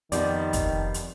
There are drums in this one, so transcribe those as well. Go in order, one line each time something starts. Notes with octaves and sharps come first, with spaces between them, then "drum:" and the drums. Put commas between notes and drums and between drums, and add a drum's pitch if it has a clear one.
F2 D#3 F3 G3 B3 D5, drum: hi-hat
drum: kick, hi-hat
drum: hi-hat